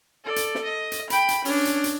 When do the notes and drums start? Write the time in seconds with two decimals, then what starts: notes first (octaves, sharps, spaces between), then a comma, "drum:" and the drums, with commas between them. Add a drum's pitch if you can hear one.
0.24 A4 D5
0.36 drum: hi-hat
0.55 drum: snare
0.64 D#5
0.92 drum: hi-hat
1.10 G5 B5, drum: hi-hat
1.28 drum: hi-hat
1.45 C#4 D4, drum: open hi-hat
1.65 drum: hi-hat
1.84 drum: hi-hat